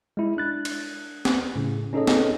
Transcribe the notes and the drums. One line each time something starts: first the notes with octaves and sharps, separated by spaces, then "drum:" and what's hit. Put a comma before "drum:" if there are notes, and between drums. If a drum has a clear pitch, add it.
G#3 E4
D4 F#6 A6
drum: cymbal
drum: snare
A2 C#3
C#4 D#4 G#4 A4 C#5 D#5
drum: snare